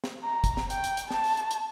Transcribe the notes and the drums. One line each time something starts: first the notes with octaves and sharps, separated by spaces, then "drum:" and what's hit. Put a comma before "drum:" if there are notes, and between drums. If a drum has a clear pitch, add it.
drum: snare
A#5
drum: kick, hi-hat
drum: snare
G5, drum: hi-hat
drum: hi-hat
drum: hi-hat
A5, drum: snare
drum: open hi-hat
drum: hi-hat
drum: hi-hat